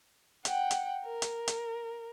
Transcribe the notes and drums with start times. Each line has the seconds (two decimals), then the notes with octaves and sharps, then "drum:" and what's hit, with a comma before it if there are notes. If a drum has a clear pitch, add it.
0.45 F#5 G5, drum: hi-hat
0.71 drum: hi-hat
1.05 A#4
1.22 drum: hi-hat
1.48 drum: hi-hat